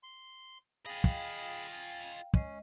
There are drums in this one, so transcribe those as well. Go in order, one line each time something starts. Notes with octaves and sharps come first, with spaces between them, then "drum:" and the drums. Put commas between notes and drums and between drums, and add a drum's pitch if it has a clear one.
C6
F4 G#4 D#5 F5 G5 B5
drum: kick
G#5
G#3 C#4 D#5, drum: kick